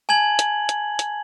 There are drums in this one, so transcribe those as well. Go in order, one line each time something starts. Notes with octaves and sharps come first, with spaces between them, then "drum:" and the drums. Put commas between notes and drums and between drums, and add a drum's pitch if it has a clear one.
G#5 A5 G#6 F#7
drum: hi-hat
drum: hi-hat
drum: hi-hat